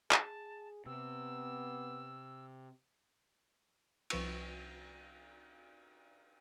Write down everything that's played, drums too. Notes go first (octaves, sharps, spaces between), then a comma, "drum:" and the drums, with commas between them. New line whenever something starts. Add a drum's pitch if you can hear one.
G#4 A5, drum: clap
C3 B3 E6
C2 F3 B4 C#6 E6, drum: cymbal